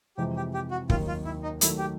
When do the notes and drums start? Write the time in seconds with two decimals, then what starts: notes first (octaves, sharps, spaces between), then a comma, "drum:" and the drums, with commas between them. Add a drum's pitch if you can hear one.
0.17 F2 C3 E3 G#3 G4
0.36 G4
0.54 G4
0.71 F#4
0.90 D#2 D#3 F#3 F4, drum: kick
1.08 F4
1.25 E4
1.43 D#4
1.61 D#3 F#3 A3 E4, drum: hi-hat
1.78 G4